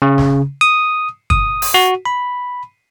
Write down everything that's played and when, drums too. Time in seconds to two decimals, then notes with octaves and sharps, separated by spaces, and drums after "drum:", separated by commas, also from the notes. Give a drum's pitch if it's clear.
0.02 C#3
0.18 drum: snare
0.61 D#6
1.30 D#6, drum: kick
1.62 drum: open hi-hat
1.74 F#4
2.05 B5